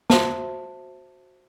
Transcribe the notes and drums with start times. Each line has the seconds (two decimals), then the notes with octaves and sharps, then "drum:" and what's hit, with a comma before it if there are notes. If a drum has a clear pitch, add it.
0.10 F#4 C5 E5 A5, drum: snare